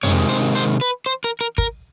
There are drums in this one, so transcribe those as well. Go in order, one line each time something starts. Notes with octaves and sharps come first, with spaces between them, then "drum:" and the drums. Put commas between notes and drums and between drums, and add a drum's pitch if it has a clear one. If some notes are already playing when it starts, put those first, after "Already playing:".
C3 D#3 G#3 C#5, drum: tom F2
C5
drum: hi-hat
C5
B4
C5
A#4
A#4
A#4, drum: kick